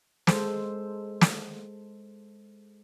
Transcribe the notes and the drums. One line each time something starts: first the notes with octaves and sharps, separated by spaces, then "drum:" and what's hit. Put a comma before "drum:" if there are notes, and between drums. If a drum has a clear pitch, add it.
G#3 A4 C5, drum: snare
drum: snare